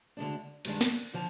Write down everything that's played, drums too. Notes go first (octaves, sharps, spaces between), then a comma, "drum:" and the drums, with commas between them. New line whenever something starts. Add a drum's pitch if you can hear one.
D2 D3 G#3 D4
G2 D#3 G#3 D4, drum: cymbal
drum: snare
D3 F3